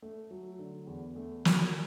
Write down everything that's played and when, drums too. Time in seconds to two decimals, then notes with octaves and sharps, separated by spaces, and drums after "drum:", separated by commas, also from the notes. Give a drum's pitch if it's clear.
0.02 A3
0.31 F#3
0.59 D3
0.87 E2
1.16 A3
1.45 F#3, drum: snare